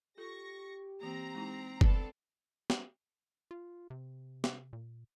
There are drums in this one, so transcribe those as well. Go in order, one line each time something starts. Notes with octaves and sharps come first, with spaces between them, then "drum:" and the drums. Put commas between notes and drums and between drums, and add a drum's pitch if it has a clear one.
F4 G4 A4 C#6 A#6
E3 A#3 C4 A#5
G#3 D#4 E4
B3 D4 A4, drum: kick F#1
drum: snare
F4
C3
drum: snare
A#2